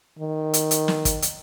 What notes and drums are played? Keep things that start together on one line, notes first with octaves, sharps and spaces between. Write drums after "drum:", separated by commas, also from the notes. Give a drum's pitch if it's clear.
D#3
drum: hi-hat
drum: hi-hat
drum: snare
drum: kick, hi-hat
drum: hi-hat